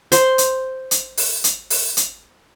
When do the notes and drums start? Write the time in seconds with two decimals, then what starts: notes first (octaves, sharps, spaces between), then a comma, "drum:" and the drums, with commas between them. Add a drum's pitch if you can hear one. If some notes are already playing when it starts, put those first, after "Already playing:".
0.12 C5 C6, drum: hi-hat
0.38 drum: hi-hat
0.91 drum: hi-hat
1.17 drum: open hi-hat
1.44 drum: hi-hat
1.70 drum: open hi-hat
1.97 drum: hi-hat